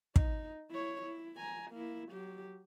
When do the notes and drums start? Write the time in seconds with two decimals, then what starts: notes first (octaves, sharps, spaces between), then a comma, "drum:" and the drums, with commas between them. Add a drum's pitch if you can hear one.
0.16 D#4, drum: kick
0.70 E4 C#5
1.02 E4
1.37 G#5 A#5
1.71 A#3 E4
2.09 F#3 G4